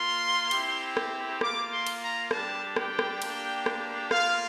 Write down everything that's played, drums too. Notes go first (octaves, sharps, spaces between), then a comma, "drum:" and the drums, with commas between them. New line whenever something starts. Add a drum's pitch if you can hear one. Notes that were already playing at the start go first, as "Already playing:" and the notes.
Already playing: A#3 F4 C6
C4 E4 G4, drum: cymbal
drum: rim click
A#3 F4 D6, drum: rim click
C6
drum: cymbal
A#5
G3 D4 G4 A5, drum: rim click
G5, drum: rim click
drum: rim click
A#3 D4 G4, drum: cymbal
drum: rim click
A#3 F4 F5, drum: rim click